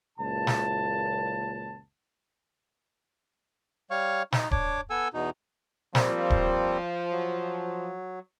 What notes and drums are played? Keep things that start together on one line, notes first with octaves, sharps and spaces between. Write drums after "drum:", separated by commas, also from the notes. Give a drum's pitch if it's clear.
F#1 C#2 A#2 A5
drum: snare
G3 C#5 F5 C#6
D#4, drum: snare
D4 C#5 D6, drum: kick D1
B3 A4 G#5 E6
E2 B2 D#4
F3 G3 A#3 C4, drum: snare
drum: kick D1
F#3